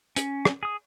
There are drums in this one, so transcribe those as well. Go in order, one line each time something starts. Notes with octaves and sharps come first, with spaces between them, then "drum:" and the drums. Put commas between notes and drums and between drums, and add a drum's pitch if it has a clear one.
C#4, drum: hi-hat
drum: rim click
G#4 D#6